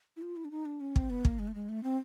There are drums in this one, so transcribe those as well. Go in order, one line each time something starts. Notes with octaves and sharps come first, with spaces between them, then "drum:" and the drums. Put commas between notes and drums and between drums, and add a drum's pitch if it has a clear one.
E4
F4
E4
D4
D#4
D4
C#4
C4, drum: kick
B3
A#3, drum: kick
G#3
A3
G#3
A3
C4